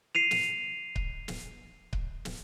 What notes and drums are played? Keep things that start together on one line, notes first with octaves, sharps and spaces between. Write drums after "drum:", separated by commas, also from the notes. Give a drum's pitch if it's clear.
C7 D#7 F7
drum: snare
drum: kick C#1
drum: snare
drum: kick C#1
drum: snare